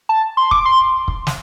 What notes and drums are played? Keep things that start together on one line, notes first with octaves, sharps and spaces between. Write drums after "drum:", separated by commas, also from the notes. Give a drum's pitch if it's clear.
A5
C6
D6, drum: kick
C6
drum: kick
drum: snare